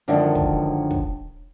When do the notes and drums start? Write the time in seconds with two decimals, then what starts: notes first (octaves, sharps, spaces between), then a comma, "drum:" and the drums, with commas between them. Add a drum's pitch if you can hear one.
0.08 F#2 D3 D#3 F3 F#3 G#3
0.35 drum: kick
0.91 drum: kick